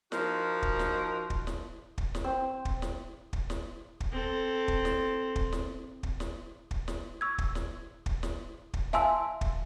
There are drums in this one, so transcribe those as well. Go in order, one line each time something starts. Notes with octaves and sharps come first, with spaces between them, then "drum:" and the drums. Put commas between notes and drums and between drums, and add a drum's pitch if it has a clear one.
F3 D#4 F#4 A#4, drum: snare
drum: kick
drum: snare
drum: kick
drum: snare
drum: kick
drum: snare
C4
drum: kick
drum: snare
drum: kick
drum: snare
drum: kick
C4 A4
drum: kick
drum: snare
drum: kick
drum: snare
drum: kick
drum: snare
drum: kick
drum: snare
C#6 E6 G#6
drum: kick
drum: snare
drum: kick
drum: snare
drum: kick
E5 F5 G#5 A5 C6 E6, drum: snare
drum: kick